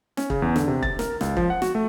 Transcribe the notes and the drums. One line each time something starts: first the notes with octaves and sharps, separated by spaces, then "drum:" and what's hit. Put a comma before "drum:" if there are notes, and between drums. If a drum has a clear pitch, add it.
C#4, drum: snare
C#3, drum: kick
E2
D3, drum: snare
C3
A6, drum: kick
A#4, drum: snare
C#2, drum: snare
F3, drum: kick
F#5
F#4, drum: snare
A3